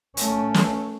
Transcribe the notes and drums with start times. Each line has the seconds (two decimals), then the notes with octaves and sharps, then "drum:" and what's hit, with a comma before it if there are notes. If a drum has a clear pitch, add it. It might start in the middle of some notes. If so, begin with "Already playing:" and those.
0.17 A3 C#4, drum: hi-hat
0.54 drum: snare